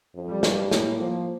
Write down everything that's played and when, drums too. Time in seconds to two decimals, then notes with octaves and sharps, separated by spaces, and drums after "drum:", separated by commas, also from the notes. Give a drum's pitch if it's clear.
0.15 F2
0.29 G3
0.43 G2, drum: snare
0.71 A2 A#3, drum: snare
1.00 F3